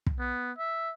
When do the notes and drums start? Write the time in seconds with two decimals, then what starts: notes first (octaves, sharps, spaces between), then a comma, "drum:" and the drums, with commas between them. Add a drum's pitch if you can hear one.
0.06 drum: kick
0.19 B3
0.58 E5